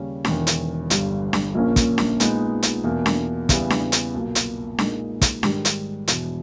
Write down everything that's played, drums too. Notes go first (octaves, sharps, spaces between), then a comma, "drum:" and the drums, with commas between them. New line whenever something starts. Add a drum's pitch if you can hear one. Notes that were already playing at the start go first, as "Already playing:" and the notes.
Already playing: D#2 C#3 G3 C#4
E1 E2 D#3, drum: snare D4
drum: hi-hat
G1 G2 G3, drum: hi-hat
drum: snare D4
A#1 A#2 A#3 C#4
drum: kick, hi-hat
drum: snare D4
A#2 G#3 B3 D#4, drum: hi-hat
drum: hi-hat
E2 B2 A#3
drum: snare D4
E2 C#3 E3 G3 B3, drum: kick, hi-hat
drum: snare D4
drum: hi-hat
B1 A#2 A#3
drum: hi-hat
A#2 G#3 D#4 A#4, drum: snare D4
drum: kick, hi-hat
G#2 D#3 G3, drum: snare D4
drum: hi-hat
E1 E2 B2, drum: hi-hat